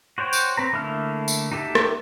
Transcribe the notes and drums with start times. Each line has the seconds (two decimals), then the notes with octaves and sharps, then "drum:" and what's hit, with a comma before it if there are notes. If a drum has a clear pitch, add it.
0.18 F#4 C5 C#5 G5
0.33 drum: tambourine
0.57 C4 B4 A#5
0.73 D3 A3 A#3 E4 F6
1.28 drum: tambourine
1.52 D#4 F#4 G4 A4 E5
1.75 drum: rim click